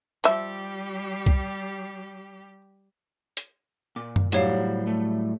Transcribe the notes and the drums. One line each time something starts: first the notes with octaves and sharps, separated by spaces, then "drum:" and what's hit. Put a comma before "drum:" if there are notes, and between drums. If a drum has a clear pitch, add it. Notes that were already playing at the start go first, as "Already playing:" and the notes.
F3 G3 G4 E5, drum: hi-hat
drum: kick C2
drum: hi-hat
A#2 D6
drum: tom F#2
A2 F#3 G3 G4 C5 C#5 F5 F#5, drum: hi-hat
A3